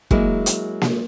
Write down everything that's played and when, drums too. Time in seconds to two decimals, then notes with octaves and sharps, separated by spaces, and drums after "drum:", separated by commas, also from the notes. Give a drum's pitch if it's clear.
0.11 F#3 G#3 A#3 E4, drum: kick
0.46 drum: hi-hat
0.81 drum: snare A#3